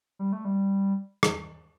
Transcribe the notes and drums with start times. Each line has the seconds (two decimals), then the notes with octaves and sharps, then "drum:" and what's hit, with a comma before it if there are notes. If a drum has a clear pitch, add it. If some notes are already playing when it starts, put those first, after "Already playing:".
0.19 G3
0.33 A3
0.45 G3
1.23 drum: rim click